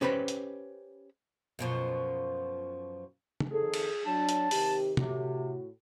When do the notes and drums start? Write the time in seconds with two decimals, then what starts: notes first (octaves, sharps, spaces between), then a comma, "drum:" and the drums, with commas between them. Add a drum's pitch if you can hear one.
0.01 C#4 G4 B4 C5 B5
0.28 drum: hi-hat
1.59 F#2 B2 F3
3.40 drum: tom
3.51 F2 D#3 G#4 A4
3.74 drum: cymbal
4.05 F#3 D4 A5
4.29 drum: hi-hat
4.51 C3 D#3 G4, drum: open hi-hat
4.97 A2 C3 F#4, drum: tom